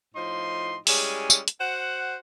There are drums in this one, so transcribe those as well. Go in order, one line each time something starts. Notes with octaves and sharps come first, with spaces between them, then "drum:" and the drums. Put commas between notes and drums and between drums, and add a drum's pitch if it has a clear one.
A2 F3 D#4 C6
G3 G#3 C#4 E4 G#4, drum: open hi-hat
drum: tambourine
drum: hi-hat
F#4 C5 F#5